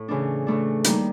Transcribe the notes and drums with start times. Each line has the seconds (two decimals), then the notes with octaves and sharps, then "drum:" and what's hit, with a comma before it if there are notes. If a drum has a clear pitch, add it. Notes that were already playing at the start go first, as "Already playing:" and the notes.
Already playing: A2
0.08 C#3 E3 A3 D4
0.47 C#3 E3 A3 D4
0.84 D#3 G3 A#3 D#4, drum: hi-hat